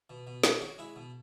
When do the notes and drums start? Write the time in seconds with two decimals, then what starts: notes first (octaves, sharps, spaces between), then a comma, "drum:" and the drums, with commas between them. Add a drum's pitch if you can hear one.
0.10 B2
0.27 B2
0.43 C#4, drum: snare
0.52 G#4
0.61 C#4 F#4
0.78 G#3 E4
0.96 B2